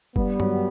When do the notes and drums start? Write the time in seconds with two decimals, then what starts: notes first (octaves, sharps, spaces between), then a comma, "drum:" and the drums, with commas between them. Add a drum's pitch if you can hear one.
0.16 G2 G3 B3, drum: kick F1
0.40 F#3, drum: tom G2